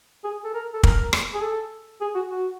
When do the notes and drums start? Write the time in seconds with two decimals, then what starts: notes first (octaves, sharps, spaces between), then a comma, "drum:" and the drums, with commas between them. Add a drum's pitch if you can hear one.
0.24 G#4
0.45 A4
0.54 A#4
0.74 A4
0.83 A#4, drum: kick
1.13 drum: rim click
1.34 G#4
1.42 A4
2.01 G#4
2.15 F#4
2.30 F#4